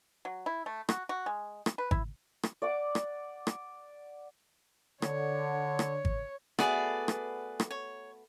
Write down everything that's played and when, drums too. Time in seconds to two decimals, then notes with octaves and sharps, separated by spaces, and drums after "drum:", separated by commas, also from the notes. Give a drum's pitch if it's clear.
0.25 F#3
0.46 E4
0.66 A3
0.89 F#4, drum: rim click
1.09 F#4
1.26 G#3
1.66 drum: rim click
1.78 B4
1.91 E4, drum: kick G#1
2.43 drum: rim click
2.62 D5 F#5 D6
2.95 drum: rim click
3.47 drum: rim click
5.02 D3 C#5, drum: rim click
5.79 drum: rim click
6.05 drum: kick G#1
6.59 A3 B3 F#4 G#4 B4 D5, drum: rim click
7.08 drum: rim click
7.60 drum: rim click
7.71 C#5